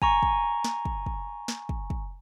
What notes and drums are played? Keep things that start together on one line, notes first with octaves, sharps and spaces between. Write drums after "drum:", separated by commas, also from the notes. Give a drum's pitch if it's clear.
G#5 A#5 C#6, drum: kick
drum: kick
drum: snare
drum: kick
drum: kick
drum: snare
drum: kick
drum: kick